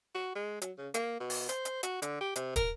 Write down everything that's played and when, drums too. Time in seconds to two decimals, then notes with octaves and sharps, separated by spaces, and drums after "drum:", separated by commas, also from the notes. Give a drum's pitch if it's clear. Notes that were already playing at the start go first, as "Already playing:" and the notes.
0.15 F#4
0.35 G#3
0.62 F#3, drum: hi-hat
0.78 C#3
0.94 A#3, drum: hi-hat
1.20 B2
1.30 drum: open hi-hat
1.49 C5, drum: hi-hat
1.65 drum: hi-hat
1.83 F#4, drum: hi-hat
2.02 D3, drum: hi-hat
2.21 G4
2.36 C3, drum: hi-hat
2.56 A#4, drum: kick, hi-hat